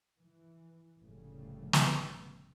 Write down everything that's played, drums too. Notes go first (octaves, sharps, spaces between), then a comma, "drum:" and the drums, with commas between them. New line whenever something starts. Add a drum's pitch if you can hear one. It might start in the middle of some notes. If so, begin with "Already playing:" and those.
E3
F1 A2 C#3 G3 A3
drum: snare